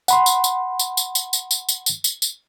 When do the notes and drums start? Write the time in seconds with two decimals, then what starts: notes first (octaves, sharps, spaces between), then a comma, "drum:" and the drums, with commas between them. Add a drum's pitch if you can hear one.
0.08 F#5 B5 C6, drum: tambourine
0.26 drum: tambourine
0.44 drum: tambourine
0.79 drum: tambourine
0.97 drum: tambourine
1.15 drum: tambourine
1.33 drum: tambourine
1.51 drum: tambourine
1.69 drum: tambourine
1.86 drum: tambourine
2.04 drum: tambourine
2.22 drum: tambourine